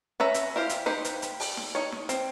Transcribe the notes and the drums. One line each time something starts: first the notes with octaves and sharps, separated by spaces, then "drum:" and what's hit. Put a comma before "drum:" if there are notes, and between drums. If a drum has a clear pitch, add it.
C#4 B4 E5 A#5
drum: hi-hat
E4 G4 C5 F5
drum: hi-hat
D#4 G4 B4 C5, drum: snare
drum: hi-hat
drum: hi-hat
drum: open hi-hat
drum: snare
D#4 C#5
drum: snare
C4, drum: hi-hat